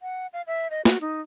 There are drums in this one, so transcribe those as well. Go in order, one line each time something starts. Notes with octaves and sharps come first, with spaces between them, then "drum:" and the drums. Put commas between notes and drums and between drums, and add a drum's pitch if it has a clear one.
F#5
F5
E5
D#5
F#4, drum: snare
D#4